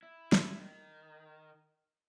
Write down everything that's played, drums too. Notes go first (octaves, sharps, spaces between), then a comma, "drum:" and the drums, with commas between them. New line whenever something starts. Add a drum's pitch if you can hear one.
E4
drum: snare
D#3